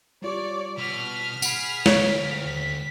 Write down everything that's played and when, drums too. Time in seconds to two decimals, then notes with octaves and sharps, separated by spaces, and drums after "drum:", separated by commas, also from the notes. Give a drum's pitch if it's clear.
0.22 G3 F4 G4 C#5 D5
0.78 B2 F6 B6
1.42 G#4 F#5 B5, drum: tambourine
1.86 D2 C#5 G5, drum: snare
2.46 D#2 B6